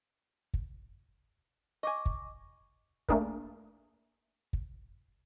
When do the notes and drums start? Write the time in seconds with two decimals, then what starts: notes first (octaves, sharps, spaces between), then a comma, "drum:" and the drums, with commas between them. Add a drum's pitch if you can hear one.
0.54 drum: kick
1.83 D#5 G#5 C#6 D6
2.06 drum: kick
3.09 A3 A#3 D4 G#4 A#4, drum: kick
4.53 drum: kick